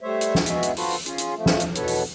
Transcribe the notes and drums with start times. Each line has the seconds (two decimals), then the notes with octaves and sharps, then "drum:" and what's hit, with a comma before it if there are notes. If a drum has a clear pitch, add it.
0.01 G3 A3 C5 C#5 E5
0.21 drum: hi-hat
0.35 drum: snare
0.46 G#3 B3 F#4 G#4 E5, drum: hi-hat
0.63 drum: hi-hat
0.77 F4 F#4 A4 B4 C5, drum: open hi-hat
0.90 drum: open hi-hat
1.06 C#4 F4 G#4, drum: hi-hat
1.18 drum: hi-hat
1.36 F2 F3 A3
1.46 drum: snare
1.60 drum: hi-hat
1.75 E2 B2 B3 A4 B4 C#5, drum: hi-hat
1.88 drum: open hi-hat